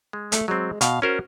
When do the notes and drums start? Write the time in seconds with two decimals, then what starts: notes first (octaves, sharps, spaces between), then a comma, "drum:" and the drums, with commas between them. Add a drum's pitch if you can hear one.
0.13 G#3
0.32 A3, drum: hi-hat
0.48 F#3 G#3 C4
0.81 B2 F5, drum: hi-hat
1.02 C#4 F#4 A#4 C5